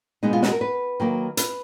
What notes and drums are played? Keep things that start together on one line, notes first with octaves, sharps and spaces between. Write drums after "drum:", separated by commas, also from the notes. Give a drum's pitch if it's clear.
B2 G#3 B3 D#4
F4
F#4, drum: snare
A#4
B4
D#3 F#3 A#3
B4, drum: hi-hat